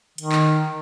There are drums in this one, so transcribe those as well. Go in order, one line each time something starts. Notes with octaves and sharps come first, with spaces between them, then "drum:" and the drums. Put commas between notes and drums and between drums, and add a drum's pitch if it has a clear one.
D#3, drum: hi-hat
drum: clap